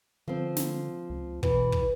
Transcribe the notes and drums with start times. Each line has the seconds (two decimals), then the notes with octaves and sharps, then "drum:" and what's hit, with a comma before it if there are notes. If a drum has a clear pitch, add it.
0.28 D3 F3 C4
0.56 drum: snare
1.10 C#2
1.43 B2 E3, drum: kick
1.72 drum: kick